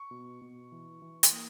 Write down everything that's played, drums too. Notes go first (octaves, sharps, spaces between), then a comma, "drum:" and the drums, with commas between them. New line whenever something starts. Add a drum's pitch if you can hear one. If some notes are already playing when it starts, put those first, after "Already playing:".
Already playing: C#6
B2
B2
E3
E3
drum: hi-hat
A#3 D#6